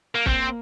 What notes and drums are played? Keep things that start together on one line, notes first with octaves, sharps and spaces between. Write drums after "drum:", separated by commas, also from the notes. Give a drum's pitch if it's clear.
A#3
A#3 C4, drum: kick